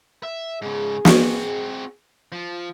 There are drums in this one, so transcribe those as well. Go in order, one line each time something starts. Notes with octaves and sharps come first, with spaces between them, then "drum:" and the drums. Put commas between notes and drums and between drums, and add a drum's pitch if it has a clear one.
E5
G#2 C#3 G#4
C4 F#4, drum: snare
F3